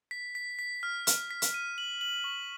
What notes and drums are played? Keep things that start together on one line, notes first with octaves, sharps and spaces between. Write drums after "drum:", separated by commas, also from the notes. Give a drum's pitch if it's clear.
B6
B6
B6
F6
F6, drum: hi-hat
B6
drum: hi-hat
D#7
F#7
F#7
C#6